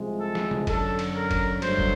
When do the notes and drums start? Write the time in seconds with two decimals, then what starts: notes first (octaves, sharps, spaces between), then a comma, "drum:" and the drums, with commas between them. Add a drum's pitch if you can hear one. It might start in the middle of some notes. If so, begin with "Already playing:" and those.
Already playing: C2 C3 F3 G#3
0.20 A4
0.35 drum: snare
0.51 drum: tom C3
0.67 F#2 D3 F#3 A4, drum: kick, cymbal
0.99 drum: cymbal
1.15 A#4
1.31 drum: kick, cymbal
1.62 G2 D3 F#3 A3 C5, drum: cymbal
1.78 drum: kick